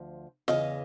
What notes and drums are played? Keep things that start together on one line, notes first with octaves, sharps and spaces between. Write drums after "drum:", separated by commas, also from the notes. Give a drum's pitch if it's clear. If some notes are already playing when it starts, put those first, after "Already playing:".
Already playing: D2 F3
E2 C#3 E3 D#5 F5, drum: snare